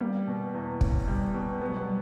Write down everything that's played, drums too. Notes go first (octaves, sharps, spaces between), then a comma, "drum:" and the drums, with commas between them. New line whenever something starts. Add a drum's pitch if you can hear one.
G3 A#3
B2
E2
C#4, drum: kick
G3
B2
G3 B3
F#3
G3